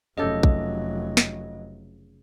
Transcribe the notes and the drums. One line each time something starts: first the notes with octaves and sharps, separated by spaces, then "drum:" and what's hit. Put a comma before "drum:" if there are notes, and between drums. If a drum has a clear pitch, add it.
F1 C#3 F#3 G4 A4 D#5
drum: kick
drum: snare